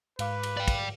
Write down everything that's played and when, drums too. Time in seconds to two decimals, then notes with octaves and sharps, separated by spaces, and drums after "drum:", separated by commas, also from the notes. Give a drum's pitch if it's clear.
0.19 G#2 B4 F5 D6, drum: cymbal
0.43 drum: cymbal
0.57 D5 G5
0.68 drum: kick, cymbal